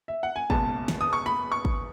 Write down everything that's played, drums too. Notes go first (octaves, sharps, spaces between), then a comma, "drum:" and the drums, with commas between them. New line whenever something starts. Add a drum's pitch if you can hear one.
E5
F#5
G#5
F#1 E2 B2 G#3 B3 A5, drum: kick
drum: snare
D#6
C#6
B5
C#6
drum: kick